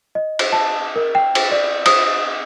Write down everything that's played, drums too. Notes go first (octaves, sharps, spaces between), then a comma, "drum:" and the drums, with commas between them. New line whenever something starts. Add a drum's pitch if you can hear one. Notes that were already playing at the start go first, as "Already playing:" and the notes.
D#5
drum: cymbal
A5
A#4
G5
drum: cymbal
D5
D#6, drum: cymbal